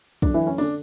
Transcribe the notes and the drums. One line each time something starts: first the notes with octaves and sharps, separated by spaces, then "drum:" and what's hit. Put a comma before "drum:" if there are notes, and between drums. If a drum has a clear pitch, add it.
F#2 D3 D4, drum: kick, hi-hat
E3 E4
C#4
D3 D4, drum: open hi-hat